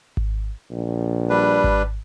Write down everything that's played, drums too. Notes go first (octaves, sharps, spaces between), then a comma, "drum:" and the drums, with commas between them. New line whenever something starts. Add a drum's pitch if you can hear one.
drum: kick G#1
A#1
G3 D4 B4
drum: kick G#1